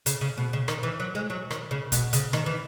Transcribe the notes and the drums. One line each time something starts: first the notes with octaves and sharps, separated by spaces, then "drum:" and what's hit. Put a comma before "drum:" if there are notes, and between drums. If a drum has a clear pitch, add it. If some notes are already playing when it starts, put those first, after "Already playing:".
C#3, drum: hi-hat
C#3
B2
C#3
D#3, drum: rim click
E3
F#3
G#3
F#3
D#3, drum: rim click
C#3
B2, drum: kick, hi-hat
C#3, drum: hi-hat
D#3, drum: rim click
E3